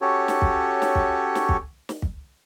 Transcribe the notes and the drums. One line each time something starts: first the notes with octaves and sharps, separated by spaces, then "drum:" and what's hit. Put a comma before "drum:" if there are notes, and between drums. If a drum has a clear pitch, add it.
C#4 F#4 G4 A4 C#5
drum: snare
drum: kick
drum: snare
drum: kick
drum: snare
drum: kick
drum: snare
drum: kick